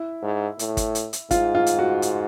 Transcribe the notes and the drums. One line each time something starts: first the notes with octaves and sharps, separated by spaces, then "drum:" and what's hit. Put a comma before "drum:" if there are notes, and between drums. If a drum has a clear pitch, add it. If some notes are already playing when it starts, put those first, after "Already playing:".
Already playing: E4
G#2
A2, drum: hi-hat
drum: kick, hi-hat
drum: hi-hat
drum: hi-hat
G#2 F4, drum: kick, hi-hat
F4
drum: hi-hat
F#4
drum: hi-hat